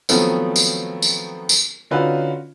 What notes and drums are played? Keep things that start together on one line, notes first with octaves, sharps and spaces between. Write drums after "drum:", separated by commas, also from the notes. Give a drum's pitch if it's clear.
D#3 F3 F#3 A3 B3 C4, drum: tambourine
drum: tambourine
drum: tambourine
drum: tambourine
D3 C#4 D#4 F4 F#4 B4